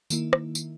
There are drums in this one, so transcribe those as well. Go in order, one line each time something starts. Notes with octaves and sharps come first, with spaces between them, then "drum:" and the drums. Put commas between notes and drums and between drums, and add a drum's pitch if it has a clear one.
D#3 A#3 E4, drum: tambourine
drum: rim click
drum: tambourine